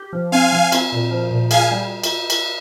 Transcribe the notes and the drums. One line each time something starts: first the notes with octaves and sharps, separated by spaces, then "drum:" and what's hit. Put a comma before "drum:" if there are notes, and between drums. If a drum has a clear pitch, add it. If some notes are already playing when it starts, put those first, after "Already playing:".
Already playing: G4
F3
C4 F5 G#5
F3
C4, drum: cymbal
A#2
F3
A#2
G#4 F5 G#5, drum: cymbal
G3
drum: cymbal
drum: cymbal